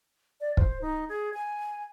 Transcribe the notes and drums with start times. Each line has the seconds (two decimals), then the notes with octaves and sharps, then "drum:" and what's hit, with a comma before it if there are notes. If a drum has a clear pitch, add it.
0.41 D5
0.57 C5, drum: kick
0.81 D#4
1.09 G#4
1.34 G#5